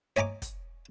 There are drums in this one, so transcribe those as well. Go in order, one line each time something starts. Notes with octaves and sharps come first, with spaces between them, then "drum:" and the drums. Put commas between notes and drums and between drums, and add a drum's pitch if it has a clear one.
C#5 D#5 G#5 A#5 D6
drum: kick, hi-hat